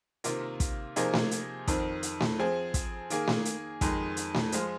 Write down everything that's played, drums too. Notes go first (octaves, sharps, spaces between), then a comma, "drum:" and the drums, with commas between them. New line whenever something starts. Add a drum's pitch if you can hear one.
C3 D#3 A#3 F4, drum: hi-hat
drum: kick, hi-hat
C3 F3 A#3 D#4 G#4, drum: hi-hat
drum: snare A3
drum: hi-hat
F2 D#3 C4, drum: kick, hi-hat
drum: hi-hat
drum: snare A3
F3 C4 G#4
drum: kick, hi-hat
D#3 A#3 G#4, drum: hi-hat
drum: snare A3
drum: hi-hat
F2 D#3 G#3, drum: kick, hi-hat
drum: hi-hat
drum: snare A3
F3 G#3 F4, drum: hi-hat